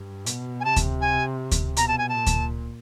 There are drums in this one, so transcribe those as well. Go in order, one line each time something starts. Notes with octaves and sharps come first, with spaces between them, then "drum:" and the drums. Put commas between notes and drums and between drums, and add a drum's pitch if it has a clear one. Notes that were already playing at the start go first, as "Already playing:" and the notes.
Already playing: G2
B2, drum: hi-hat
G#5
C3 A5
drum: kick D2, hi-hat
G#5
drum: kick D2, hi-hat
B2 A#5, drum: hi-hat
A5
G#5
A5
A#2
drum: kick D2, hi-hat